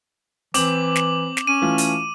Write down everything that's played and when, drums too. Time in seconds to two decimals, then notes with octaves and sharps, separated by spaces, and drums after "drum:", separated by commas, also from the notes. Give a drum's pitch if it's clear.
0.54 E3 C4 D6 F#7, drum: hi-hat
0.96 drum: snare
1.37 drum: snare
1.47 C#4 D#7
1.62 E3 A3 F4
1.78 drum: hi-hat